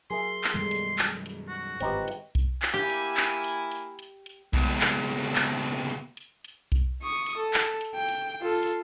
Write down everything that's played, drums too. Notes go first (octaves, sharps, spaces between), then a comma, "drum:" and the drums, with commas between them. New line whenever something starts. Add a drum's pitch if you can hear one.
F#3 G#4 A#4 E5 C6
drum: clap
F#2 B2 D#3 G3 G#3 A4
drum: hi-hat
drum: clap
F#3
drum: hi-hat
F#4
G1 G#2 D#3 C4 D#4 F4 G4 B4, drum: hi-hat
drum: hi-hat
drum: kick B1, hi-hat
drum: clap
A#3 E4 G4 G#5
drum: hi-hat
drum: clap
drum: hi-hat
drum: hi-hat
drum: hi-hat
drum: hi-hat
C#2 B2, drum: kick B1, hi-hat
drum: clap
drum: hi-hat
drum: clap
drum: hi-hat
drum: hi-hat
drum: hi-hat
drum: hi-hat
drum: kick B1, hi-hat
C#6 D#6
drum: hi-hat
A4
drum: clap
drum: hi-hat
G5
drum: hi-hat
F4 A4
drum: hi-hat